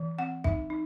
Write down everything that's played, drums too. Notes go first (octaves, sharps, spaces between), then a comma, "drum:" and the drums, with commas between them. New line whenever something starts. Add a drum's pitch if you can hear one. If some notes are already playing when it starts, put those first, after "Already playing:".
Already playing: E3
C4 F#5
D#4 E5, drum: kick
D#4